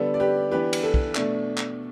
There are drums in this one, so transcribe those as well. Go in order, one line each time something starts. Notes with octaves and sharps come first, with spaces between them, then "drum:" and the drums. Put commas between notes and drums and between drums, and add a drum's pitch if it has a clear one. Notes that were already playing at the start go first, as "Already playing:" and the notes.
Already playing: D3 G3 B3 D4 A4
D5
G4 B4
E3 B3 D4 G4 B4
drum: cymbal
A4
drum: kick
B2 A3 D4, drum: clap
drum: clap